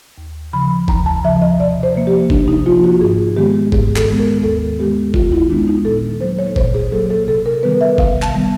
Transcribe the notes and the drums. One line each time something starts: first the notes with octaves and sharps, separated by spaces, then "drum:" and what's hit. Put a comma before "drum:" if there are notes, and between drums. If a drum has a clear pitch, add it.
D#2
C#3 F3 B5
D#2 A#5, drum: kick G1
A5
C#3 F3 E5
D#5
C3 D5
C5
F3 A#3
G4
C3 D4, drum: kick G1
D#4
F3 A#3 F4
F#4
G#2 G#4
D#3 G#3 B3 G4
G#2 G#4, drum: kick G1
A4, drum: clap
D#3 G#3 B3
A#4
D#2 A4
D#3 G#3 B3 G4
D#2 F4, drum: kick G1
E4
D#3 G#3 B3 D4
D#4
A#2 A4
F#3 A#3 C5
C#5
A#2 C5, drum: kick G1
G#4
F#3 A#3 A4
A4
C3 A4
A#4
D#3 G3 B3 B4
E5
C3 F5, drum: kick G1
A5, drum: clap
D#3 G3 B3